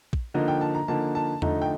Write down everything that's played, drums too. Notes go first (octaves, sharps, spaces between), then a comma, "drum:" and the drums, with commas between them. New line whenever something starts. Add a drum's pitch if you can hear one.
drum: kick
D3 F3 A#3 D#4 D#5
G5
A5
A#5
D3 F3 A#3 D#4 A5
A5
D3 F3 A3 D#4 A#5, drum: tom E2
G5